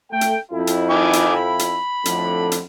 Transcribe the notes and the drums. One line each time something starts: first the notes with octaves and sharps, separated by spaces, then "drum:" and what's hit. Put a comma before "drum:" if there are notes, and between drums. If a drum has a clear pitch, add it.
A3 G5
drum: hi-hat
F2 E4
drum: hi-hat
D#3 G#5 D6
drum: hi-hat
B5
drum: hi-hat
F2 A2 D3, drum: hi-hat
drum: hi-hat